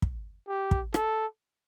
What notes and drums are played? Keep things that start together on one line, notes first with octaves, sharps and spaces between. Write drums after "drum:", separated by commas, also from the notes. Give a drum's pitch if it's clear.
drum: kick
G4
drum: kick
A4, drum: rim click